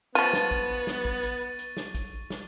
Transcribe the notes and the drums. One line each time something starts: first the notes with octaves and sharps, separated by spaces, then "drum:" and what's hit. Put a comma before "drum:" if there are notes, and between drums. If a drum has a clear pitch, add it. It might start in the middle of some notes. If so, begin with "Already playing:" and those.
F3 B3 F4 C#6 A6 D#7, drum: hi-hat
drum: snare
drum: kick, hi-hat
drum: snare
drum: kick
drum: hi-hat
drum: hi-hat
drum: snare
drum: kick, hi-hat
drum: snare